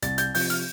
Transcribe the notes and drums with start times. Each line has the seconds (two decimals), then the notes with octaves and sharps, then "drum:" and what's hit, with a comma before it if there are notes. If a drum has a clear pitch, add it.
0.02 C2 A6, drum: hi-hat
0.18 G6, drum: hi-hat
0.35 C3 F3 G6, drum: open hi-hat
0.50 F6, drum: hi-hat